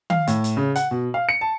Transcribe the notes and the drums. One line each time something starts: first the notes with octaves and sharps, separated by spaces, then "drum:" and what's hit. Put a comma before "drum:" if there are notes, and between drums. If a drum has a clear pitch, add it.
F5, drum: tom D#3
A2, drum: hi-hat
drum: hi-hat
C#3
F#5, drum: hi-hat
B2
F5
C#7
A5